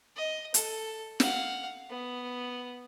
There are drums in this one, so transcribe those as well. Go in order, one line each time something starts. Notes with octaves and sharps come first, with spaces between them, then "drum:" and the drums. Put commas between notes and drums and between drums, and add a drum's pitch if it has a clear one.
D#5
A4, drum: hi-hat
F5 F#5, drum: snare
B3